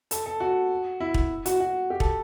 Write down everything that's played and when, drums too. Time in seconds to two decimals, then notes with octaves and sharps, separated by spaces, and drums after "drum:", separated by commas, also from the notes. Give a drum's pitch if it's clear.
0.11 A4, drum: hi-hat
0.26 A4
0.40 F#4
1.00 E4
1.14 drum: kick
1.46 F#4, drum: hi-hat
1.60 F#4
1.90 G4
2.00 A4, drum: kick